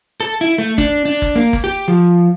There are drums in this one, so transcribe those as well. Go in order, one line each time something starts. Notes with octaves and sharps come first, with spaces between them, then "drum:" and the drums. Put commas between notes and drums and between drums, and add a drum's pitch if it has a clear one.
A4
E4
A3
D4, drum: kick
D4
drum: kick
A#3
drum: kick
G4
F3